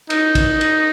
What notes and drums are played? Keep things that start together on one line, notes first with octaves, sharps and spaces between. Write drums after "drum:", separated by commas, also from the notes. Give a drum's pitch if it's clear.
D#4, drum: cymbal
drum: kick, cymbal
drum: cymbal